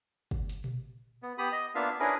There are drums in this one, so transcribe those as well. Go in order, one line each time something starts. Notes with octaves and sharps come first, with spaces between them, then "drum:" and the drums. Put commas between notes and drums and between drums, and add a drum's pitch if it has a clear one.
drum: kick
drum: hi-hat
drum: tom A#2
B3
B3 G4 B5 D#6
D#5
A#3 B3 D4 F4 E5 F5
C#4 D4 E4 G#4 A#4 B4